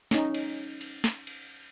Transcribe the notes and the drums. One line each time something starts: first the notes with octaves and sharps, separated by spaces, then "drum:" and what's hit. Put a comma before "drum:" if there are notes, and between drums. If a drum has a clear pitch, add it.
C#4 D#4, drum: snare
drum: cymbal
drum: cymbal
drum: snare
drum: cymbal